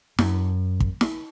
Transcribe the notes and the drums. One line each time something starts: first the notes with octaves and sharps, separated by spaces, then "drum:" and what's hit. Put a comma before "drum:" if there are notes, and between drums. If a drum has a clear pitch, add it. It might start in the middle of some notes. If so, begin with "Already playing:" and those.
F#2, drum: snare
drum: kick
drum: snare